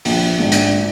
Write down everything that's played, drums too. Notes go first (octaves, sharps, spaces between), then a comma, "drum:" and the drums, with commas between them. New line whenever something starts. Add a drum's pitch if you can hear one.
A#1, drum: open hi-hat
G#2 F#3 D4
drum: hi-hat